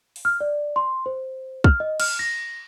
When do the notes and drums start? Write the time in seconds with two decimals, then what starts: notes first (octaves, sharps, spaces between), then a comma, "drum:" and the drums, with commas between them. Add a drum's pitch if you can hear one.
0.16 drum: open hi-hat
0.25 F6
0.41 D5
0.76 C6
1.06 C5
1.64 F6, drum: kick
1.80 D#5
2.00 F6, drum: cymbal
2.19 A#6